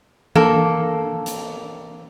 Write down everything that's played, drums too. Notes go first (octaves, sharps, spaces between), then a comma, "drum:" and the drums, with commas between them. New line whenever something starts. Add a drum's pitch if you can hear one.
A#3 A4, drum: tom E3
drum: hi-hat